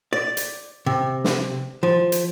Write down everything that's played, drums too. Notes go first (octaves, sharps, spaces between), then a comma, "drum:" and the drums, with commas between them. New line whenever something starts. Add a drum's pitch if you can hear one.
D5
drum: hi-hat
C3
drum: snare
F3
drum: hi-hat